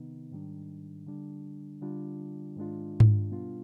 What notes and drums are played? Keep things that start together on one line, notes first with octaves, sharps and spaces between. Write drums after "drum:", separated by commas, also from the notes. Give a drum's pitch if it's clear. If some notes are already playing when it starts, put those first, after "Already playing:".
Already playing: C3 D#3 B3 D#4
G#2 D#3 G3 D4
D3 G3 D4
D3 G3 D4 F4
G#2 D#3 G#3 D4 F4
drum: tom G#2
B2 G3 B3 D4 F4